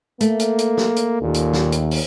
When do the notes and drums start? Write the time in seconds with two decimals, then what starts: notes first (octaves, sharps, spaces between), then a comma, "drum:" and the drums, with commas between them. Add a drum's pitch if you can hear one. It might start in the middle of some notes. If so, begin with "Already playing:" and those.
0.21 A3 A#3, drum: hi-hat
0.40 drum: hi-hat
0.59 drum: hi-hat
0.77 drum: snare
0.96 drum: hi-hat
1.22 D#2 A#2
1.34 drum: hi-hat
1.53 drum: snare
1.72 drum: hi-hat
1.91 drum: open hi-hat